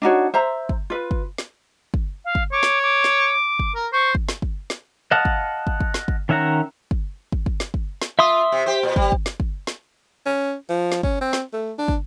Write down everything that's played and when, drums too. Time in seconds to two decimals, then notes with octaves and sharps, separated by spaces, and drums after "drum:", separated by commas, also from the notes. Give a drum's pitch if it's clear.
0.02 D4 D#4 F#4 C#5
0.34 C5 E5 A#5
0.69 drum: kick
0.90 F4 B4
1.11 drum: kick
1.38 drum: snare
1.94 drum: kick
2.25 F5
2.35 drum: kick
2.52 C#5 D6
2.63 drum: snare
2.83 D6
3.04 drum: snare
3.59 drum: kick
3.75 A#4
3.93 C5 C#6
4.15 drum: kick
4.29 drum: snare
4.42 drum: kick
4.70 drum: snare
5.11 D#5 F5 F#5 A5 D#6
5.25 drum: kick
5.67 drum: kick
5.81 drum: kick
5.94 drum: snare
6.08 drum: kick
6.29 D#3 C#4 E5 F#5 A#5
6.91 drum: kick
7.32 drum: kick
7.46 drum: kick
7.60 drum: snare
7.74 drum: kick
8.02 drum: snare
8.19 F4 E5 C6 D#6
8.52 C3
8.66 G4 C5
8.83 A#2
8.96 G3, drum: kick
9.12 drum: kick
9.26 drum: snare
9.40 drum: kick
9.67 drum: snare
10.26 C#4
10.69 F3
10.92 drum: snare
11.03 C#4, drum: kick
11.21 C4
11.33 drum: snare
11.53 A3
11.78 D4
11.88 drum: kick